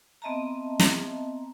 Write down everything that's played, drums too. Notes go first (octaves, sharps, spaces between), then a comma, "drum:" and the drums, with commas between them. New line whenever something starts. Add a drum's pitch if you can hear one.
B3 C4 D#5 E5 A5 A#5
drum: snare